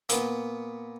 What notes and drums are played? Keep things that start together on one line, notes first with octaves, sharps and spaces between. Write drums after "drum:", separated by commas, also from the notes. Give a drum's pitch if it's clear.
A#2 B3, drum: hi-hat